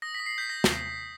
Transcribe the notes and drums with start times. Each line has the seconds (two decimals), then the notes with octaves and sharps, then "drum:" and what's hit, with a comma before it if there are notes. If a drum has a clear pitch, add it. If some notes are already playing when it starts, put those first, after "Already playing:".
0.02 D#6 A#6
0.15 B6
0.20 D#6
0.26 C7
0.38 G6 B6
0.50 A#6
0.64 drum: snare